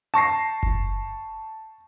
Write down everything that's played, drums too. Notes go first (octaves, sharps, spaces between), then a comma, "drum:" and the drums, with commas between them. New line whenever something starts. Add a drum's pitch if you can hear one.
A5 C#6 A#6 C7
drum: kick F#1